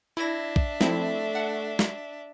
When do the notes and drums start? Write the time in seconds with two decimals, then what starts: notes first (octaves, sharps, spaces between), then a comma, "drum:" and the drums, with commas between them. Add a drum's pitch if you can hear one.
0.17 D4 E4 E5 G#6 A#6
0.56 drum: kick
0.81 F3 A3 C4 E4, drum: snare
1.35 F#5
1.79 drum: snare